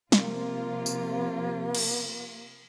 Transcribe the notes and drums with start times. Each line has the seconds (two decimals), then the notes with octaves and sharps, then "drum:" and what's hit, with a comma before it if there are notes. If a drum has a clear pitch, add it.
0.12 C3 F3 A#3 F4, drum: snare
0.86 drum: tambourine
1.75 drum: cymbal